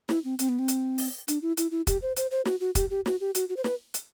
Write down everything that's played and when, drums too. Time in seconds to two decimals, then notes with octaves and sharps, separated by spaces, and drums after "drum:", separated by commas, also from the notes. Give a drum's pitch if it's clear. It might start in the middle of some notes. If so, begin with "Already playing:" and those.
0.09 E4, drum: snare
0.24 C4
0.39 C4, drum: hi-hat
0.49 B3
0.59 C4
0.68 drum: hi-hat
0.98 drum: open hi-hat
1.28 D4, drum: hi-hat
1.42 E4
1.57 E4, drum: hi-hat
1.71 E4
1.87 G4, drum: kick, hi-hat
2.02 C5
2.17 C5, drum: hi-hat
2.31 C5
2.45 F#4, drum: snare
2.60 F#4
2.75 G4, drum: kick, hi-hat
2.90 G4
3.06 F#4, drum: snare
3.21 G4
3.35 F#4, drum: hi-hat
3.49 F#4
3.57 C5
3.64 B4, drum: snare
3.94 drum: hi-hat